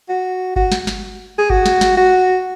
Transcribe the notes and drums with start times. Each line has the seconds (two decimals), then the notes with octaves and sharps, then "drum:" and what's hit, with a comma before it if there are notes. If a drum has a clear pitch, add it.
0.09 F#4
0.56 F#4, drum: kick G1
0.72 drum: snare
0.87 drum: snare
1.38 G#4
1.50 F#4, drum: kick G1
1.66 drum: snare
1.81 drum: snare
1.97 F#4